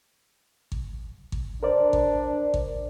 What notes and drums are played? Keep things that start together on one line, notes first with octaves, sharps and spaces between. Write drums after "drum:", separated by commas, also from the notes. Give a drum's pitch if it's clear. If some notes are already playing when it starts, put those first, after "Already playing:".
drum: kick G#1
drum: kick G#1
D4 A#4 C5 D5
drum: kick G#1
drum: kick G#1